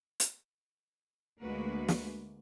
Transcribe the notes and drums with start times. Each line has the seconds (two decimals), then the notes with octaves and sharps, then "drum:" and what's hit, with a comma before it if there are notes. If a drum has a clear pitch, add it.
0.20 drum: hi-hat
1.41 D2 G#3 A#3 F#4 B4
1.88 drum: snare